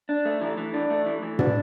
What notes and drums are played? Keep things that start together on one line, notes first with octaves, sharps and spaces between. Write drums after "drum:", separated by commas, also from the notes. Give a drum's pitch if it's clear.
D4
A3
E3
E3
D4
A3
E3
E3
D4, drum: tom